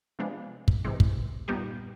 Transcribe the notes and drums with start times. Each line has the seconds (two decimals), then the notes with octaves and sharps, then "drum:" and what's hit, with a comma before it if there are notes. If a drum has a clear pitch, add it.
0.19 C3 F3 G#3 B3 D4
0.68 drum: kick
0.84 C3 E3 G#3 C4
1.00 drum: kick
1.48 A#2 G3 B3 D#4 G4